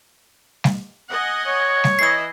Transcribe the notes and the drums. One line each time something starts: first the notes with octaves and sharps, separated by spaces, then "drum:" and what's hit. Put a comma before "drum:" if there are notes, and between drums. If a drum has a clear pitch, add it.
drum: snare G3
D#5 F#5 G#5
C#5
drum: snare G3
E3 D#5 E5 G#6 C7